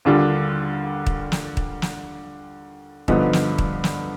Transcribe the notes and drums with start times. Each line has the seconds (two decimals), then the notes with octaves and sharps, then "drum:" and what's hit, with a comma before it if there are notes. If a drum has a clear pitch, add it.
0.05 D#2 D3 G3 D4 F4
1.07 drum: kick
1.32 drum: snare
1.57 drum: kick
1.82 drum: snare
3.08 G2 D3 F3 B3 D#4, drum: kick
3.33 drum: snare
3.58 drum: kick
3.84 drum: snare